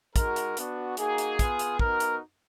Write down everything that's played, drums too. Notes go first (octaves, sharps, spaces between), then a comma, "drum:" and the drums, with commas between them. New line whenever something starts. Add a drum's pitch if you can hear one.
G#3 D#4 F#4 A#4, drum: kick, hi-hat
drum: hi-hat
B3 D4 F#4, drum: hi-hat
A#3 D#4 F#4 G#4, drum: hi-hat
drum: hi-hat
B3 F4, drum: kick, hi-hat
drum: hi-hat
B3 D#4 F#4 A#4, drum: kick
drum: hi-hat